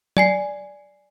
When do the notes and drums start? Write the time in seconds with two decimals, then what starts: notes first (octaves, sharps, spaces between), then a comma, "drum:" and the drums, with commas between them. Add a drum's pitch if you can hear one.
0.17 D5 G#5 C7, drum: tom